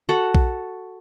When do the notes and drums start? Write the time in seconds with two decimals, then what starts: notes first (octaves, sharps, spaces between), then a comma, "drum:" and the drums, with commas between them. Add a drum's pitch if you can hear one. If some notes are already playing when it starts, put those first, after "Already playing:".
0.09 F#4 A4 F#5
0.35 drum: kick A#1